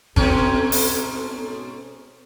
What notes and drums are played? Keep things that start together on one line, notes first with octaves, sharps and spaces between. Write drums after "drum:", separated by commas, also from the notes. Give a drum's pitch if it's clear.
G#2 B2 C4 C#4 A4, drum: kick G#1
drum: open hi-hat